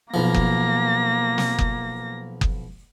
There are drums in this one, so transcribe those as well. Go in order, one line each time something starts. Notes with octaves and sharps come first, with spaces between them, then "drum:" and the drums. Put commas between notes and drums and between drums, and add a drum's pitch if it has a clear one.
B1 F3 A#3 A#6
drum: kick F#1
drum: snare
drum: kick F#1
drum: kick F#1